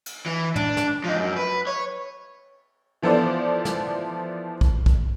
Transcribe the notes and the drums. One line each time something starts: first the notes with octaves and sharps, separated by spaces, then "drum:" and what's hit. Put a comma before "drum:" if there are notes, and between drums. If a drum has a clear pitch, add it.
drum: cymbal
E3
D4, drum: tom
drum: snare
F3 D#4
F#2
B4
C#5
E3 F3 B3 A4 C5 D5
drum: snare
drum: kick
drum: kick